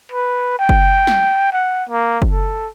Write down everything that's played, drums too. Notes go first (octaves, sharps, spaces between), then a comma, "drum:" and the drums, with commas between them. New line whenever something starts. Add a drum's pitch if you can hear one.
B4
G5
drum: kick F#1
drum: snare
F#5
A#3
drum: kick F#1
A4